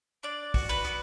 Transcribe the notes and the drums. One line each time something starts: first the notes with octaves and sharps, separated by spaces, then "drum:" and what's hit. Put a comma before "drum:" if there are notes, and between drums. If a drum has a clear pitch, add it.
D4 D5
F#4, drum: kick, open hi-hat
B4
B3, drum: hi-hat